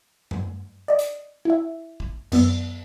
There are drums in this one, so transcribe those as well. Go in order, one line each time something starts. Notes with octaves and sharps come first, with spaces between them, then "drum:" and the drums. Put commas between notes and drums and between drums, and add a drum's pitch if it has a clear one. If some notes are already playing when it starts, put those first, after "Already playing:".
drum: tom F#2
D5 D#5
drum: hi-hat
E4 E5
drum: kick A1
F#2 B3 E6, drum: cymbal